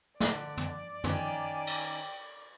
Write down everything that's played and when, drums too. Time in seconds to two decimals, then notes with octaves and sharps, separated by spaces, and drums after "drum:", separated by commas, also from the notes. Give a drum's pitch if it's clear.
0.20 D3 D5, drum: snare
0.57 drum: tom
1.04 D#3 C#4 G5 G#5, drum: tom
1.67 drum: cymbal